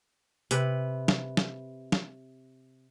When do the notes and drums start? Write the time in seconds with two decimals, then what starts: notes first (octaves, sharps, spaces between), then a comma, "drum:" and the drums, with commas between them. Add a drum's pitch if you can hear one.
0.51 C3 B4, drum: hi-hat
1.08 drum: snare
1.37 drum: snare
1.92 drum: snare